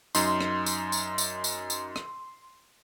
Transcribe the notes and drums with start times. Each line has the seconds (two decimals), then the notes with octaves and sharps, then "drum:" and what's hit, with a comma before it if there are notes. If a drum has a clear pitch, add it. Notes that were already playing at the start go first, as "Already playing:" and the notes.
0.15 F#2 D#4 C6, drum: tambourine
0.41 drum: rim click
0.66 drum: tambourine
0.92 drum: tambourine
1.18 drum: tambourine
1.44 drum: tambourine
1.70 drum: tambourine
1.96 drum: rim click